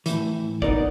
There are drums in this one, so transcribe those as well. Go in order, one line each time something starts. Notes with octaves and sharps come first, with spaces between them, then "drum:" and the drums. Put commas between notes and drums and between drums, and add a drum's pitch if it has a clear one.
A2 E3, drum: hi-hat
B3 D#4 A#4 D5, drum: kick